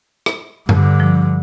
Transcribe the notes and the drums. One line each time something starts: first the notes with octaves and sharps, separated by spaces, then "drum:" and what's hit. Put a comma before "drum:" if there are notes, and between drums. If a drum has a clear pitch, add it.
drum: rim click
G2 D3, drum: tom G2
F3